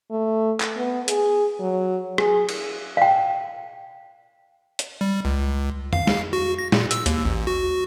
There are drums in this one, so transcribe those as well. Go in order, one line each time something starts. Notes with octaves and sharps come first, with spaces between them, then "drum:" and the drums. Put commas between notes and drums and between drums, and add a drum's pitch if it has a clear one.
A3
drum: clap
B3
G#4, drum: hi-hat
F#3
G#4, drum: rim click
drum: cymbal
F5 G5
drum: hi-hat
G3
C#2
F5, drum: tom F2
drum: snare
F#4
A#6
A#2, drum: snare
E6, drum: hi-hat
D#2, drum: hi-hat
A1
F#4